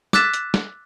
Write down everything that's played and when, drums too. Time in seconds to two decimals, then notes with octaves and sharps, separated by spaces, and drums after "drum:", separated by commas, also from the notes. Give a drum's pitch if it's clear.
0.13 D6 E6 F#6 A6 B6 E7, drum: snare
0.34 drum: hi-hat
0.54 drum: snare